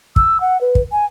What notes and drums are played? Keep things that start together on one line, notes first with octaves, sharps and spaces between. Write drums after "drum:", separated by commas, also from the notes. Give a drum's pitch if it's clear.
E6, drum: kick
F#5
B4
drum: kick
G#5